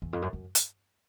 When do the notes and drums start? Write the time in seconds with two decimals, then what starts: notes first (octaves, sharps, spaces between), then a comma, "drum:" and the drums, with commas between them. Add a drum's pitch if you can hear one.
0.02 E2
0.13 F2
0.22 F#2
0.33 F#2
0.55 drum: hi-hat